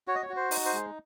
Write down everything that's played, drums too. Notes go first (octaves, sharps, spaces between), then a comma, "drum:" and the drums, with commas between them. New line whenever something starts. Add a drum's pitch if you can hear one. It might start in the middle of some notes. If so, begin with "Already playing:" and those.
F#4 C#5
D#5
C#5
F#4
C5
D#4, drum: open hi-hat
C5
G#3